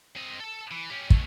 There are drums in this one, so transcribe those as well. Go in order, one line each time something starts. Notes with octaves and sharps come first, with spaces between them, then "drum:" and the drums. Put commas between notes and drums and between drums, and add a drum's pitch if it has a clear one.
C4 D#5
A4 A5
E3
C#4 G4
B2 A3, drum: kick